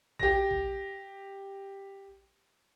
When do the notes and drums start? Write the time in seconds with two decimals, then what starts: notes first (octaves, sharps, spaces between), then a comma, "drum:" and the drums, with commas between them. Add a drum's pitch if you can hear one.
0.19 G4 A#6, drum: kick A#1
0.51 drum: kick A#1